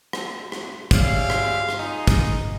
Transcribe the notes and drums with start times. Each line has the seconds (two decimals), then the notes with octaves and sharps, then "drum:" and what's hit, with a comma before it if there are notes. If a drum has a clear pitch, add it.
0.13 drum: rim click
0.52 drum: rim click
0.91 G4 G#4 C#5 D5 E5 F5, drum: kick, hi-hat
1.30 drum: rim click
1.69 drum: rim click
1.78 D#4 F4 G#4 D#5
2.07 drum: kick, hi-hat